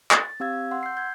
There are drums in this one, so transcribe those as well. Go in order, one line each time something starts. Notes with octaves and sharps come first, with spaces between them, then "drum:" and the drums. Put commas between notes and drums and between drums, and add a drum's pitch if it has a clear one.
A6, drum: clap
C4 G4 F5 E6 G#6
F#5 C6 E6
G6 C7
G6 G#6